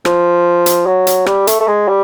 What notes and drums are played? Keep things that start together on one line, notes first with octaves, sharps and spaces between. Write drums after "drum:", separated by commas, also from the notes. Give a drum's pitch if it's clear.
F3, drum: rim click
drum: hi-hat
F#3
drum: hi-hat
G3, drum: rim click
A3, drum: hi-hat
A3
G#3
G3